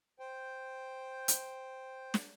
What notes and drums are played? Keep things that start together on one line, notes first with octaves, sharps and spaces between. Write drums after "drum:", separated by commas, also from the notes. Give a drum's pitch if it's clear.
C5 G5
drum: hi-hat
drum: snare